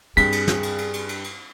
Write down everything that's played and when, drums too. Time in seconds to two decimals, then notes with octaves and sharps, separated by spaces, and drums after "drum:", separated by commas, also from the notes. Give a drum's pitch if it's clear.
0.17 G2 C4 G#4 B6, drum: cymbal
0.32 drum: cymbal
0.48 drum: snare
0.63 drum: cymbal
0.78 drum: cymbal
0.94 drum: cymbal
1.09 drum: cymbal
1.24 drum: cymbal